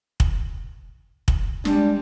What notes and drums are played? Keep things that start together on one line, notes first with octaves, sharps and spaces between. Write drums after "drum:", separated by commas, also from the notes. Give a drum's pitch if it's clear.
drum: kick
drum: kick
G3 G#3 D4, drum: snare